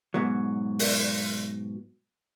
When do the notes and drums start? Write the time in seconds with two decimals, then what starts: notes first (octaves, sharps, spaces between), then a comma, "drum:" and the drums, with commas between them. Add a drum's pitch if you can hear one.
0.14 G#2 B2 F#3
0.79 drum: open hi-hat